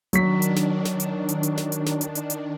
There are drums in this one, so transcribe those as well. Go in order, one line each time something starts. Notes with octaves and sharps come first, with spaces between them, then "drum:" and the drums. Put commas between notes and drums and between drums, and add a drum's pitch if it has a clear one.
D#3 F#3 D4 C#6 B6, drum: hi-hat
drum: hi-hat
drum: snare
drum: snare
drum: hi-hat
drum: hi-hat
drum: hi-hat
drum: snare
drum: hi-hat
drum: snare
drum: hi-hat
drum: hi-hat
drum: hi-hat